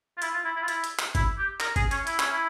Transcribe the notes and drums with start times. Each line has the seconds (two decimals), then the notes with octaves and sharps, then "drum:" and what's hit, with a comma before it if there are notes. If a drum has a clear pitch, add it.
0.17 F4
0.22 E4, drum: hi-hat
0.34 F4
0.45 E4
0.56 E4
0.62 F4
0.68 E4, drum: hi-hat
0.84 drum: hi-hat
0.99 drum: clap
1.15 E4, drum: kick G#1, hi-hat
1.38 G4
1.60 A#4, drum: clap
1.76 G#4, drum: kick G#1, hi-hat
1.91 C#4, drum: hi-hat
2.07 E4, drum: hi-hat
2.19 C#4, drum: clap
2.31 E4